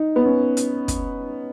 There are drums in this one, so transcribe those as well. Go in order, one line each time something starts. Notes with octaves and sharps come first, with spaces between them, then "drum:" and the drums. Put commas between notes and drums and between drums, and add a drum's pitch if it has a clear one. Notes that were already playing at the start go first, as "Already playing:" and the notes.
Already playing: D#4
B3
C#4
drum: hi-hat
drum: kick, hi-hat